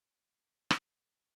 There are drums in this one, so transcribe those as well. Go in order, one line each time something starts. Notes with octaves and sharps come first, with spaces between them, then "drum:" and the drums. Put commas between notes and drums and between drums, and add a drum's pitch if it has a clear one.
A3 F4
drum: rim click